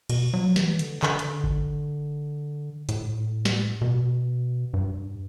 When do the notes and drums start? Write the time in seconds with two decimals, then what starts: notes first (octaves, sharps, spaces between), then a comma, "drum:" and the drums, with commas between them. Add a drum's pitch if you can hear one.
0.09 B2, drum: cymbal
0.34 F#3
0.56 E3, drum: snare
0.79 D3, drum: hi-hat
1.03 D3, drum: clap
1.19 drum: hi-hat
1.44 drum: kick G#1
2.89 A2, drum: hi-hat
3.45 drum: snare
3.81 B2
4.74 G2